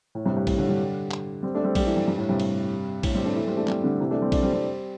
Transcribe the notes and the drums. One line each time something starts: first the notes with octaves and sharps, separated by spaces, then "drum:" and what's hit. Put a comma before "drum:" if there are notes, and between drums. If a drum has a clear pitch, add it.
A2
G2 C3
G2
A2, drum: kick A#1, cymbal
A2 D3
D3 G3
drum: clap
G3 C4
A3 D4
G3 C4
G3 C4, drum: kick A#1, cymbal
E3 A3
G2
G2
A2
G2 C3
drum: cymbal
A2 D3, drum: kick A#1, cymbal
G3 C4
A3 D4
E3 A3
G3 C4
A3 D4
G3 C4, drum: clap
D3 G3
C3 E3
A3 D4
G3 C4
A3 D4, drum: kick A#1, cymbal
G3 C4
G3 C4